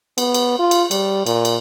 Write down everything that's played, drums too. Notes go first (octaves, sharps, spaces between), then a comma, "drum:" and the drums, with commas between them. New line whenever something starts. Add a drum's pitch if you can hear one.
B3, drum: cymbal
drum: cymbal
F4
drum: cymbal
G3, drum: cymbal
A#2, drum: cymbal
drum: cymbal